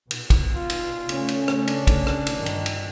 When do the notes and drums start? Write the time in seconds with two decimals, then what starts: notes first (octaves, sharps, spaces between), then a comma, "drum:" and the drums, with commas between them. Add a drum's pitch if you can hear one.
0.11 B2, drum: cymbal
0.30 drum: kick, cymbal
0.55 F4
0.70 drum: cymbal
1.09 C#3 A3 C#4, drum: cymbal
1.28 drum: cymbal
1.48 drum: rim click
1.68 D4, drum: cymbal
1.87 drum: kick, cymbal
2.07 drum: rim click
2.27 drum: cymbal
2.36 G1 D#3
2.46 drum: cymbal
2.66 drum: cymbal